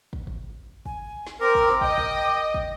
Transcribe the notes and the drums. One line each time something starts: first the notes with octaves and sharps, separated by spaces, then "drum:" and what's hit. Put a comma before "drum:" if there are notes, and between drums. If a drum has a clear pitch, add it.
drum: kick
drum: kick
G#5, drum: kick
drum: snare
C4 A#4 D6
drum: kick
drum: snare
D#5 G5, drum: kick
drum: kick
drum: kick